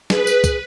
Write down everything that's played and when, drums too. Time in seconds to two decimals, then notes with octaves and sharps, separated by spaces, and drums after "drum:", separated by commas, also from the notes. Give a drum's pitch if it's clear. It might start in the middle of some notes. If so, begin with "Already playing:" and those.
0.10 G#4 B4, drum: snare
0.27 drum: tambourine
0.44 drum: kick, tambourine